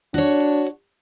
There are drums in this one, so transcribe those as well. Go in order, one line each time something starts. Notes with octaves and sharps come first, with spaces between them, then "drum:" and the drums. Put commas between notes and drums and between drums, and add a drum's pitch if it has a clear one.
D4 F#4 C#5, drum: hi-hat
drum: hi-hat
drum: hi-hat